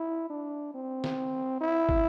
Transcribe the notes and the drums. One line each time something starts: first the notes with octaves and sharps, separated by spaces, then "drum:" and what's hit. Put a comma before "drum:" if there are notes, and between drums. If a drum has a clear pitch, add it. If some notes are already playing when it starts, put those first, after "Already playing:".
Already playing: E4
D4
C4
drum: snare
E4
drum: kick